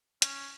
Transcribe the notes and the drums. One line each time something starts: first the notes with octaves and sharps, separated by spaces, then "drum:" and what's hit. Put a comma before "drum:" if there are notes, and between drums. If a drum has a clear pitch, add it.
C#4, drum: hi-hat